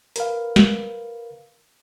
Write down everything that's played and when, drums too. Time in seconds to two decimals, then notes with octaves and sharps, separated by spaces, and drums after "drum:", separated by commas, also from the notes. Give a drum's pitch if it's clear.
0.16 A#4 B4 F5, drum: hi-hat
0.56 drum: snare